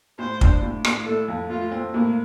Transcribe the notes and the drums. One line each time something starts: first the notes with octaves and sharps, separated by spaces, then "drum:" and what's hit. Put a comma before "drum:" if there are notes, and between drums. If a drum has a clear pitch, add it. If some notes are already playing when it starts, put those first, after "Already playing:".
A2 C5
D4, drum: kick
A2
A2, drum: rim click
A3 A4
F2
A3 F4
C4
A2 A#3